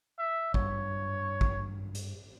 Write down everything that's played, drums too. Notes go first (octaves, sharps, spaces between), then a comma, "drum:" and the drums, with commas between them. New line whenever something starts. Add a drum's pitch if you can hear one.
E5
G2 C#5, drum: kick A1
drum: kick A1
drum: hi-hat